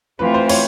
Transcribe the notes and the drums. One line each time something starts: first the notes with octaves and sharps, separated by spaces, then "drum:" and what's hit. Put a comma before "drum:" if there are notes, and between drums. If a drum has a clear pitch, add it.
E3 A3 C4 F4 B4
C5
C#5, drum: cymbal